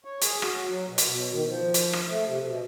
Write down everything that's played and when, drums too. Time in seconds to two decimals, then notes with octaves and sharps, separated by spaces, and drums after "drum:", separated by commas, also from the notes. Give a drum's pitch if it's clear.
0.05 C#5
0.22 G#4, drum: hi-hat
0.42 F#4, drum: rim click
0.69 F#3
0.88 B2
0.98 drum: hi-hat
1.08 B2
1.32 D#3
1.48 F3
1.74 drum: hi-hat
1.93 drum: rim click
2.09 A3
2.26 C3
2.47 B2